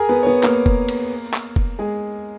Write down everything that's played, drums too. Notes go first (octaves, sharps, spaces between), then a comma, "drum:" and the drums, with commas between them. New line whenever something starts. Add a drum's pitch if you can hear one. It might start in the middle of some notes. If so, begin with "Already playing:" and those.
Already playing: G#4 A#4 G#5 A#5
B3 B4
C#5
B3 B4
A#3 A#4, drum: clap
drum: kick F1
drum: cymbal
drum: clap
drum: kick F1
G#3 G#4